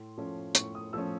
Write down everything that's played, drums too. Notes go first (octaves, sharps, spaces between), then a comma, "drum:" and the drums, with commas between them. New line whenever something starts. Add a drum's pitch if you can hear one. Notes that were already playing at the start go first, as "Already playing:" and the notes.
Already playing: A2 C6
F3 A3 C#4
A2 C#6, drum: hi-hat
D#6
F3 A3 C#4 E6